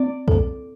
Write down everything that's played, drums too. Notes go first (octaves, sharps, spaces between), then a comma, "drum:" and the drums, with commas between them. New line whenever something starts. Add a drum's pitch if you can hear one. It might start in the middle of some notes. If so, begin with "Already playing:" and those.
Already playing: C4 D5
A4, drum: kick